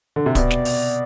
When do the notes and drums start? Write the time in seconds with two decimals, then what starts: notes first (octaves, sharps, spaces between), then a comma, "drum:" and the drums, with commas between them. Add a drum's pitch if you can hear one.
0.16 D3
0.26 C3
0.35 B2 D5, drum: kick, hi-hat
0.50 drum: snare
0.65 drum: open hi-hat